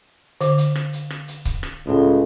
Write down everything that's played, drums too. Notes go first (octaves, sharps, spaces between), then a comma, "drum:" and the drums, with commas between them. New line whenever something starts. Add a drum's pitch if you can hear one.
D3 F5 D6, drum: hi-hat
drum: hi-hat
drum: rim click
drum: hi-hat
drum: rim click
drum: hi-hat
drum: kick C#1, hi-hat
drum: rim click
C#2 A2 C4